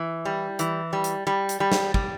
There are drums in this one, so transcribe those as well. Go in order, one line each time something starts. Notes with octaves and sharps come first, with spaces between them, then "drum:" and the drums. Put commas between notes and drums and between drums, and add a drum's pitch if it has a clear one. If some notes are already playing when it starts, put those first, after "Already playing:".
Already playing: E3
G3
E3, drum: hi-hat
G3
drum: hi-hat
G3
drum: hi-hat
G3
drum: snare
G3, drum: kick